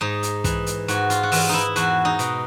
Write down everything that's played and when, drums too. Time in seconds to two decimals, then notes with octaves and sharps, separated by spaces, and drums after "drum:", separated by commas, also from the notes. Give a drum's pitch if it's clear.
0.01 G#2 D#4
0.23 drum: hi-hat
0.44 E3, drum: kick, hi-hat
0.66 drum: hi-hat
0.88 G#2 F#4, drum: hi-hat
1.10 F4, drum: hi-hat
1.23 F#4
1.32 E3 F4, drum: open hi-hat
1.49 D#4 E4
1.76 E2 F#4, drum: hi-hat
2.05 D#4
2.19 B2, drum: hi-hat